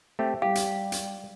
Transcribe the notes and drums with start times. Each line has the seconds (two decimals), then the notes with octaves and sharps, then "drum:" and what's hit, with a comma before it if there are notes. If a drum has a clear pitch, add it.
0.19 A3 C4 G4
0.42 G3 G4 F5
0.55 drum: hi-hat
0.92 drum: hi-hat